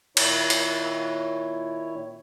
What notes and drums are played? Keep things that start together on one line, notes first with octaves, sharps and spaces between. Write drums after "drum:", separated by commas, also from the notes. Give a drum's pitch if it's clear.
A#2 D#3 E4 C#5, drum: cymbal
drum: hi-hat